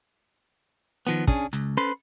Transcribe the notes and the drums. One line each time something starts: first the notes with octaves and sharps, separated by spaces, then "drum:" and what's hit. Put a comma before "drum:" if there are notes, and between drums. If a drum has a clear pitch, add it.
D#3 F3 B3
C#4 D4 G#4, drum: kick
C#2, drum: hi-hat
C#4 A4 B4 C5 B5 C6